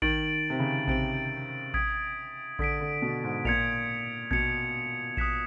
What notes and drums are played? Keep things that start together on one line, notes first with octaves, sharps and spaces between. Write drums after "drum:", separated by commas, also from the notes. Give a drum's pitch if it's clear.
D#3 A6 D7 F#7, drum: kick A1
C3
C#3
C3 A6 D7 F#7, drum: kick A1
D#6 G#6 B6 D7, drum: kick A1
D3 D#6 G#6 B6 D7, drum: kick A1
D3
B2
G#2
A#2 G#6 C#7 F7, drum: kick A1
B2 G#6 C#7 F7, drum: kick A1
D#6 F#6 B6 E7, drum: kick A1